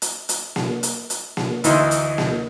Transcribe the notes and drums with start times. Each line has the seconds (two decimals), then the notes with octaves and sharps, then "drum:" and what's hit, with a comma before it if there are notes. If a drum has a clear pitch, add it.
0.02 drum: hi-hat
0.29 drum: hi-hat
0.56 drum: snare A#3
0.83 drum: hi-hat
1.10 drum: hi-hat
1.37 drum: snare A#3
1.64 D2 E3 D#4 E4 C6 E6, drum: hi-hat
1.91 drum: hi-hat
2.18 drum: snare A#3